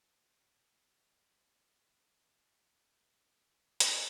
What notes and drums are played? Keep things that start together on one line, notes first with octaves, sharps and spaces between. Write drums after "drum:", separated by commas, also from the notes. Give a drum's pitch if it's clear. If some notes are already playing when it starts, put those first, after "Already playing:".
Already playing: G5
A#2
A#5
C6
A#5
G#2 A#5
C6
A#5
G5
F5
C5
D5
C3 D#5
A#2 D5
D5
D#5
D5
drum: hi-hat